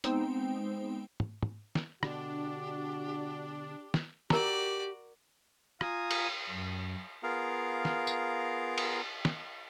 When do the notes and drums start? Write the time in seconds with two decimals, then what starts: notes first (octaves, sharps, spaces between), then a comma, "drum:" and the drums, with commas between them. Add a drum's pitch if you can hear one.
0.04 G#3 B3 C4 D#4 C5 G5, drum: hi-hat
1.20 drum: tom
1.43 drum: tom
1.75 drum: snare
2.03 B2 D3 D4 F#4 G4, drum: rim click
3.94 drum: snare
4.30 F#4 G4 A#4 D5 A#5, drum: snare
5.81 F4 F5 G#5 A#5 D#6, drum: rim click
6.11 drum: cymbal
6.49 F#2
7.23 B3 F4 G#4 A#4 F5 A#5
7.85 drum: snare
8.07 drum: tambourine
8.78 drum: cymbal
9.25 drum: snare